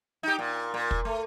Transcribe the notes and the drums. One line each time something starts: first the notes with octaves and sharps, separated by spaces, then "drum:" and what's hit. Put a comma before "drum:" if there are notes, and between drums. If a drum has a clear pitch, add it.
D#4 G4
A#2
A#2
drum: kick
A3